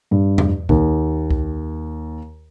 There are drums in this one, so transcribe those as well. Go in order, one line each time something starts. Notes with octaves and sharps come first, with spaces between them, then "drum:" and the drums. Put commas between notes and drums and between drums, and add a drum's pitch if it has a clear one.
G2
drum: tom E2
D#2, drum: kick C2
drum: kick C2